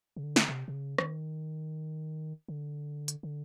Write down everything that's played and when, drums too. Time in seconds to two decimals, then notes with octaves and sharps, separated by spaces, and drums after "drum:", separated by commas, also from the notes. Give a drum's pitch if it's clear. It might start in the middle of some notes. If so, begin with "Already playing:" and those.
0.16 C#3
0.23 D3
0.36 drum: snare
0.48 C3
0.68 C3
0.73 C#3
0.98 D#3, drum: rim click
2.48 D3
3.08 drum: hi-hat
3.23 D3